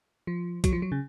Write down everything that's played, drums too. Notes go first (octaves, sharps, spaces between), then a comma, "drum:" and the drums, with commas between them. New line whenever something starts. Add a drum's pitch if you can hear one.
F3
F#3, drum: kick B1, hi-hat
F3
F#3
C#3